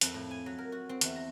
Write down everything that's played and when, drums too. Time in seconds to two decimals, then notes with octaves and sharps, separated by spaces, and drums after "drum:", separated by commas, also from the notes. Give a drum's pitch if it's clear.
0.01 F2, drum: hi-hat
0.14 A2
0.31 G#5
0.46 F#3
0.58 A#4
0.72 F#4
0.89 C4
1.01 E2, drum: hi-hat
1.16 A#5